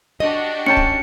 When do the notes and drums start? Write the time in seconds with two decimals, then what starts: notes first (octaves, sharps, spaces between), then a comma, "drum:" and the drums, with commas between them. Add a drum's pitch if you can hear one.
0.20 D4 F#4 G4 D#5
0.66 C#4 G5 A5 C#7
0.77 drum: kick